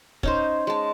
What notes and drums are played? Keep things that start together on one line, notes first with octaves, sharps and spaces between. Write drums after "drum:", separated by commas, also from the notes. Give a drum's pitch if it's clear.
C#4 D#4 C5, drum: kick
G#3 A5